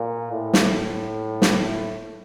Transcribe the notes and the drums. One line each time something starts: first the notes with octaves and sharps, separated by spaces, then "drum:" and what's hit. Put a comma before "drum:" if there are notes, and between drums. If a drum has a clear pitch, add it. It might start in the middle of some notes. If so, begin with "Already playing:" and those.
Already playing: A#2
A2
drum: snare
drum: snare